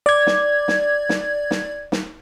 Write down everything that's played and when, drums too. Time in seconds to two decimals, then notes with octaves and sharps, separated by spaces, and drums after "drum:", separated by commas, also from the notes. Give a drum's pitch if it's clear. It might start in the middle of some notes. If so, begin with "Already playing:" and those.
0.06 D5 G#6
0.27 drum: snare
0.68 drum: snare
1.09 drum: snare
1.51 drum: snare
1.92 drum: snare